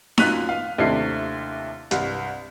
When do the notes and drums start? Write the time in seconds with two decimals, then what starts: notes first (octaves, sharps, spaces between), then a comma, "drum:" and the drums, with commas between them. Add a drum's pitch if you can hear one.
0.18 F#2 F4 F#6 B6 D#7 F7, drum: snare D#4
0.49 F5
0.78 D#2 C3 A3 D4 E4 C7
1.91 C2 G2, drum: hi-hat